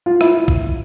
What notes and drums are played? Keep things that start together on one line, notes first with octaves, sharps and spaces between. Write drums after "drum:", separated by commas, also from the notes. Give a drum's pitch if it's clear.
F4
E4, drum: rim click
drum: kick B1